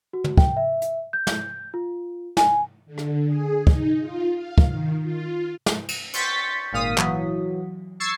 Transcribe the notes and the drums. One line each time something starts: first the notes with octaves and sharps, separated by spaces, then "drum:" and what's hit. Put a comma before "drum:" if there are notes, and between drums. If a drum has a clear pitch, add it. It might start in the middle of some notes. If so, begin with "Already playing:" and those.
F#4
drum: tom
G5, drum: kick
E5
drum: hi-hat
G6
drum: snare
F4
G#5, drum: snare
D3
drum: rim click
G#4
D#4, drum: kick
F4
F5
drum: kick
D#3
F4
drum: snare
drum: cymbal
C6 C#6 G6 A6 B6 C#7, drum: cymbal
G#1 A#2 F5 D#6 B6
E3 F#3, drum: clap
C#6 E6 G#6 A6 C7 C#7